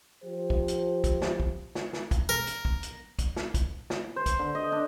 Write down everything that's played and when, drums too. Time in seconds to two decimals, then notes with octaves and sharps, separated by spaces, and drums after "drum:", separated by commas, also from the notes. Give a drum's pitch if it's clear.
0.24 F3 G4 C5
0.50 drum: kick
0.68 drum: hi-hat
1.04 drum: kick, hi-hat
1.22 drum: snare
1.40 drum: kick
1.75 drum: snare
1.93 drum: snare
2.11 drum: kick, hi-hat
2.29 A#4
2.47 drum: hi-hat
2.65 drum: kick
2.83 drum: hi-hat
3.19 drum: kick, hi-hat
3.36 drum: snare
3.54 drum: kick, hi-hat
3.90 drum: snare
4.16 C5
4.26 drum: kick, hi-hat
4.39 D3
4.55 D#5
4.72 D4